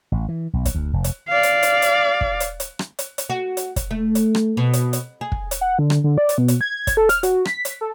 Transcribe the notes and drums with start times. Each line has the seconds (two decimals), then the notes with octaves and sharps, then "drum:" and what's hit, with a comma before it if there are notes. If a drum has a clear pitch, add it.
0.12 A1
0.29 E3
0.53 B1
0.65 drum: kick, hi-hat
0.75 D2
0.93 F1
1.04 drum: hi-hat
1.28 D5 F5
1.43 drum: hi-hat
1.63 drum: hi-hat
1.82 drum: hi-hat
2.21 drum: kick
2.40 drum: hi-hat
2.60 drum: hi-hat
2.79 drum: rim click
2.99 drum: hi-hat
3.18 drum: hi-hat
3.30 F#4
3.57 drum: hi-hat
3.76 drum: kick, hi-hat
3.91 A3
4.15 drum: hi-hat
4.35 drum: rim click
4.57 B2
4.73 drum: hi-hat
4.93 drum: hi-hat
5.21 G#4
5.32 drum: kick
5.51 drum: hi-hat
5.61 F#5
5.79 D3
5.90 drum: rim click
6.04 D3
6.18 D5
6.29 drum: hi-hat
6.38 B2
6.48 drum: hi-hat
6.61 G#6
6.87 drum: kick, hi-hat
6.97 A4
7.09 F6, drum: hi-hat
7.23 F#4, drum: hi-hat
7.45 B6, drum: rim click
7.65 drum: hi-hat
7.81 A4